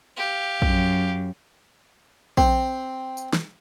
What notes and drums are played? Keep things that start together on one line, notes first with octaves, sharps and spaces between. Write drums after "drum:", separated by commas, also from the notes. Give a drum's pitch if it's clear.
G4 F5
F#2, drum: kick A#1
C4, drum: kick A#1
drum: tambourine
drum: snare